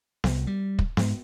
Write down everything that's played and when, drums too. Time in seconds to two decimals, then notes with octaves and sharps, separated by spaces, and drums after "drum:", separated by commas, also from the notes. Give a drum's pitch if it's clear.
0.24 C2, drum: snare B3
0.47 G3
0.79 drum: kick
0.97 G#2, drum: snare B3